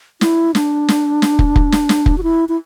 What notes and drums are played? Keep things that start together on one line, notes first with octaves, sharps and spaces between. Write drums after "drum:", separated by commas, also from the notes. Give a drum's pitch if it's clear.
E4, drum: snare
D4, drum: snare
drum: snare
drum: snare
drum: kick
drum: kick
drum: snare
drum: snare
drum: kick
F#4
E4
E4